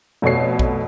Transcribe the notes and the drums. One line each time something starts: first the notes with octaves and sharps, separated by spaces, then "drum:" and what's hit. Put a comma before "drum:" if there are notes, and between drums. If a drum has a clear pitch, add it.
F1 B2 A3 C#5 C7
drum: kick A#1